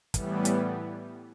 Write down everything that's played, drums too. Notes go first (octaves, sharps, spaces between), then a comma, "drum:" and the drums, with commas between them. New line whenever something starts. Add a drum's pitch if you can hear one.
A2 E3 G3 B3, drum: kick, hi-hat
drum: hi-hat